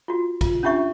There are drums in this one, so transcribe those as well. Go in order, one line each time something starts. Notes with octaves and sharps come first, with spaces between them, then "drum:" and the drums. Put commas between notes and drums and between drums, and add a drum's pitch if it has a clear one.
F4 F#4
F4, drum: kick, cymbal
C#4 D4 F4 G4 E5 C#6